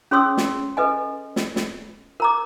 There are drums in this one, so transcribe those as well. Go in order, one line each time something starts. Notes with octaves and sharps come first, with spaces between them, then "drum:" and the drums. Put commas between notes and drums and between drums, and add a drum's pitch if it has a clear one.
C#4 G#4 C#5 C6 D#6 E6
drum: snare
A4 B4 D#5 G#5
drum: snare
drum: snare
A#4 A#5 D6